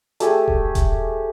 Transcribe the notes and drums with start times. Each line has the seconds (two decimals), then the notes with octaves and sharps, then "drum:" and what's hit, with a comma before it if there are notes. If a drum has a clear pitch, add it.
0.20 A3 G4 G#4, drum: hi-hat
0.48 drum: kick D#1
0.75 drum: kick D#1, hi-hat